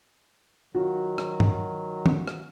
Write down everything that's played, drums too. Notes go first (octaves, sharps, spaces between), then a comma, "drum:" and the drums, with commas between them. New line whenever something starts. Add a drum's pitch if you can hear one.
D#3 F#3 F4 F#4
drum: rim click
drum: tom
drum: tom
drum: rim click